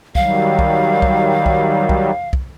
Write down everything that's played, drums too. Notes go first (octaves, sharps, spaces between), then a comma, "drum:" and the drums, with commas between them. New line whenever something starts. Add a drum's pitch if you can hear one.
D#3 F#3 G3 F5, drum: kick
drum: kick
drum: kick
drum: kick
drum: kick
drum: kick